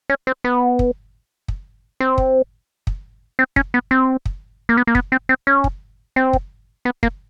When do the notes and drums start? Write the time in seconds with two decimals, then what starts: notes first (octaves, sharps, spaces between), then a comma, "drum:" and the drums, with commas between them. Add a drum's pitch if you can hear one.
0.10 C#4
0.27 C4
0.44 B3
0.79 drum: kick
1.48 drum: kick
2.00 C4
2.18 drum: kick
2.87 drum: kick
3.39 C4
3.56 C#4, drum: kick
3.74 B3
3.91 C4
4.26 drum: kick
4.69 A#3
4.77 B3
4.87 A#3
4.95 B3, drum: kick
5.12 C4
5.29 C4
5.47 C#4
5.64 drum: kick
6.16 C4
6.33 drum: kick
6.85 B3
7.03 A#3, drum: kick